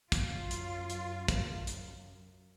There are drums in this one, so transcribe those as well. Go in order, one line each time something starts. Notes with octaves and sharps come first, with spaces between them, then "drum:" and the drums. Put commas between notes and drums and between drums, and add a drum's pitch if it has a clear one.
F#2 F4, drum: kick, hi-hat
drum: hi-hat
drum: hi-hat
drum: kick, hi-hat
drum: hi-hat